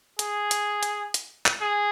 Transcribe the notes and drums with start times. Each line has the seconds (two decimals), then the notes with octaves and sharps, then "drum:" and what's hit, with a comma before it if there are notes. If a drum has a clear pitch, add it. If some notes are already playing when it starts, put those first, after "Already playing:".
0.19 G#4, drum: hi-hat
0.51 drum: hi-hat
0.83 drum: hi-hat
1.14 drum: hi-hat
1.46 drum: clap
1.61 G#4